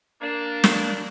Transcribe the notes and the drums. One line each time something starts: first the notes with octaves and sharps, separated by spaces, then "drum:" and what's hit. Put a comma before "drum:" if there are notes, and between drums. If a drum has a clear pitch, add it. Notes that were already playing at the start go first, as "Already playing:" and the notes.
A#3 D4
drum: snare